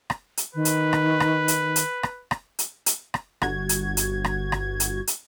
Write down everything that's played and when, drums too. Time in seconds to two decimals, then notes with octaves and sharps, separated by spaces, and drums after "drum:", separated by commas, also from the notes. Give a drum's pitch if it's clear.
0.10 drum: rim click
0.37 drum: hi-hat
0.55 D#3 B4
0.65 drum: hi-hat
0.93 drum: rim click
1.20 drum: rim click
1.48 drum: hi-hat
1.76 drum: hi-hat
2.03 drum: rim click
2.31 drum: rim click
2.59 drum: hi-hat
2.86 drum: hi-hat
3.14 drum: rim click
3.42 G1 F#4 G#6, drum: rim click
3.69 drum: hi-hat
3.97 drum: hi-hat
4.24 drum: rim click
4.52 drum: rim click
4.80 drum: hi-hat
5.07 drum: hi-hat